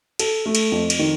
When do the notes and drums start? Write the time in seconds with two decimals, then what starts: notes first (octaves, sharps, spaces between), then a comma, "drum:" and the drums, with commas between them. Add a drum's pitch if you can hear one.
0.19 A4, drum: cymbal
0.46 A3
0.55 drum: cymbal
0.72 F2
0.90 drum: cymbal
0.99 D#3